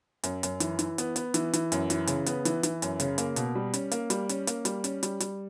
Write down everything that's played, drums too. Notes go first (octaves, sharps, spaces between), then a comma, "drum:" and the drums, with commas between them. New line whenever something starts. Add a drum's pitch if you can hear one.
F#2, drum: hi-hat
F#2, drum: hi-hat
E3, drum: hi-hat
E3, drum: hi-hat
B3, drum: hi-hat
B3, drum: hi-hat
E3, drum: hi-hat
E3, drum: hi-hat
F#2, drum: hi-hat
E3, drum: hi-hat
C#3, drum: hi-hat
B3, drum: hi-hat
E3, drum: hi-hat
E3, drum: hi-hat
F#2, drum: hi-hat
C#3, drum: hi-hat
A#3, drum: hi-hat
B2, drum: hi-hat
G3
C#4, drum: hi-hat
A#3, drum: hi-hat
G3, drum: hi-hat
C#4, drum: hi-hat
A#3, drum: hi-hat
G3, drum: hi-hat
C#4, drum: hi-hat
G3, drum: hi-hat
G3, drum: hi-hat